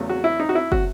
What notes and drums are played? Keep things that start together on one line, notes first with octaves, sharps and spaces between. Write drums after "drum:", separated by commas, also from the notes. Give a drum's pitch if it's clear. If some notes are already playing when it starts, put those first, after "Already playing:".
Already playing: E2 C#3 F#3 A3
F#4
E4
D#4
F#4
E4
F#4, drum: kick